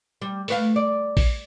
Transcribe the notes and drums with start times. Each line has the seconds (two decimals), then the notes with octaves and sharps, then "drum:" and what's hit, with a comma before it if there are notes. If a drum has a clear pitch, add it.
0.22 G3
0.48 A3 B4 F5, drum: open hi-hat
0.76 D5
1.17 drum: kick A#1, open hi-hat